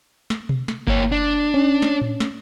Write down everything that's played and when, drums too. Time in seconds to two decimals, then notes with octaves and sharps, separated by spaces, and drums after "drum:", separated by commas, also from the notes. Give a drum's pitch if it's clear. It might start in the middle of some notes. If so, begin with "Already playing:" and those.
0.30 drum: snare
0.49 drum: tom B2
0.68 drum: snare
0.87 A#3 C#5, drum: kick G1
1.12 D4
1.54 C#4
1.82 drum: snare
2.01 drum: tom A2
2.20 drum: snare